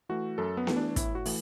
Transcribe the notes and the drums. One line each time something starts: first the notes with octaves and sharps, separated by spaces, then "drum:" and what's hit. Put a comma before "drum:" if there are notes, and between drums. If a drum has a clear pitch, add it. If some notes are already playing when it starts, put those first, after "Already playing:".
E3 A3 F#4
F#2 A4
B3
E3 A3, drum: snare B3
D4
A2 E4, drum: kick, hi-hat
F#4
E3 A3, drum: open hi-hat